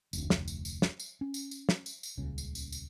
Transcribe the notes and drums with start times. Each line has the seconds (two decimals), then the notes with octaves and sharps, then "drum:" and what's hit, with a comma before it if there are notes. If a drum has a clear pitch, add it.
0.13 F1 D2, drum: tambourine
0.30 drum: snare
0.48 drum: tambourine
0.65 drum: tambourine
0.82 drum: snare
1.00 drum: tambourine
1.21 C#4
1.34 drum: tambourine
1.51 drum: tambourine
1.69 drum: snare
1.86 drum: tambourine
2.03 drum: tambourine
2.17 D#1 C#2 C#3
2.38 drum: tambourine
2.55 drum: tambourine
2.72 drum: tambourine